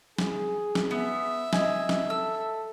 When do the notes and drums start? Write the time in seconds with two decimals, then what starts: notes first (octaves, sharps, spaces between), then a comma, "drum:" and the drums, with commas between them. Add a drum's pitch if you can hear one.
0.19 G#4, drum: snare
0.75 drum: snare
0.91 B3 E5
1.53 D#5 G#5, drum: snare
1.89 drum: snare
2.10 A4 E6